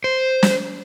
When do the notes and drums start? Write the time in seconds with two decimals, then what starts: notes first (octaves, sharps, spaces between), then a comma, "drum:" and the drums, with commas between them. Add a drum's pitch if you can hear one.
0.04 C5
0.43 drum: snare